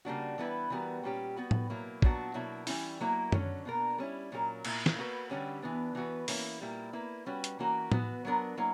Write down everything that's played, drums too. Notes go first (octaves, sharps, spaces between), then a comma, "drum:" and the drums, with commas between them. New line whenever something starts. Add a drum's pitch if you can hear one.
C#3 G3 A#3 D4 F#4
E3 G3 B3 E4 B4
E3 G3 B3 F#4 A#4
A#2 G3 C#4 G4
G3 B3 F#4 B4
drum: tom A2
B2 F#3 A#3 E4
A#2 F#3 B3 D4 F#4, drum: kick
B2 F#3 A#3 E4
E3 G3 A#3 C#4 E4, drum: open hi-hat
F#3 A#3 E4 A#4
D3 F#3 C#4, drum: tom F#2
B2 A#3 D4 A#4
G3 C#4 E4
A#2 F#3 C#4 F#4 A#4
A#2 A#3 E4, drum: cymbal
drum: snare
A#3 D4 F#4 B4
D3 G3 C#4 G4
E3 B3 D4
E3 B3 F#4 B4
E3 A#3 C#4 E4, drum: open hi-hat
A#2 G3 A#3 E4
A#3 E4 B4
G3 C#4 F#4 B4
drum: hi-hat
E3 A#3 C#4 F#4 A#4
E3 B3 F#4, drum: tom A2
F#3 B3 D4 A#4
F#3 A#3 E4